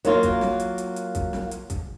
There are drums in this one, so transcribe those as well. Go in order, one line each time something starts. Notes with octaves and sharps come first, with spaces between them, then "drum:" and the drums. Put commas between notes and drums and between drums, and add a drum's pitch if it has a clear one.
F#3 A#3 F4 F#4, drum: hi-hat
drum: kick, hi-hat
drum: snare
drum: hi-hat
drum: hi-hat
drum: hi-hat
drum: kick, hi-hat
drum: snare
drum: hi-hat
drum: kick, hi-hat